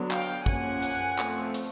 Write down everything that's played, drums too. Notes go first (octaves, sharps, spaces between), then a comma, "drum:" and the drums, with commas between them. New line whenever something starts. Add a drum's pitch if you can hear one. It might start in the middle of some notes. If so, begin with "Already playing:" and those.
Already playing: D3 F#3 B3 D4
F5 G5, drum: clap
F3 A#3 C#4 F#5 G#5, drum: kick
drum: hi-hat
F3 A3 C4, drum: clap
drum: hi-hat